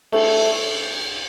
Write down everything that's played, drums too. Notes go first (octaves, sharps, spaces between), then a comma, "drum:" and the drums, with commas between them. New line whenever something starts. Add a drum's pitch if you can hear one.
A3, drum: cymbal